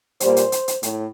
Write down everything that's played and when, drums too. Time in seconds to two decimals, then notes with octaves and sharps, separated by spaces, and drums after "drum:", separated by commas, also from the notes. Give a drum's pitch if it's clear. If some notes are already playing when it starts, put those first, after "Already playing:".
0.20 A#2 G3 A#3 C5, drum: hi-hat
0.36 drum: hi-hat
0.52 drum: hi-hat
0.68 drum: hi-hat
0.83 A2, drum: hi-hat